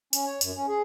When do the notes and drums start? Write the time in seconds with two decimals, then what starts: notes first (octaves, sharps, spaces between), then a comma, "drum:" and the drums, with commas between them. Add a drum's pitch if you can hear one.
0.13 C#4, drum: tambourine
0.26 C#5
0.41 F#2, drum: tambourine
0.56 C#4
0.68 G#4